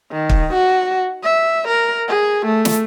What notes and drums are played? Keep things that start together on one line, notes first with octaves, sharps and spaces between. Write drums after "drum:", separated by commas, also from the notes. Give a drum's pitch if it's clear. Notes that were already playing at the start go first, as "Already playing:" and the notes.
D#3
drum: kick
F#4
E5
A#4
G#4
A3
drum: snare